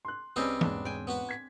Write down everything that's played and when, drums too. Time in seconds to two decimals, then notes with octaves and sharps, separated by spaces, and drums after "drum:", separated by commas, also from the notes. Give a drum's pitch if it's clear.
0.05 C6 F#6
0.36 C2 G3 C4 C#4 D#4 G#4 B4
0.61 E1 G#2 D4, drum: tom
0.85 G5 G#5
1.07 B3 F#4 B4
1.29 G#6 B6